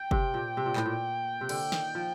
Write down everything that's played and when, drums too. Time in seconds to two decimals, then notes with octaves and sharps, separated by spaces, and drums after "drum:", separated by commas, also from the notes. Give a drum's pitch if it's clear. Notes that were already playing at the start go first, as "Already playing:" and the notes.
Already playing: G5
0.11 C3, drum: kick F#1
0.34 A#2
0.57 C3
0.66 A#2
0.76 A2, drum: clap
0.86 A#2
1.41 C3
1.49 D3, drum: cymbal
1.72 D#3, drum: snare
1.95 F3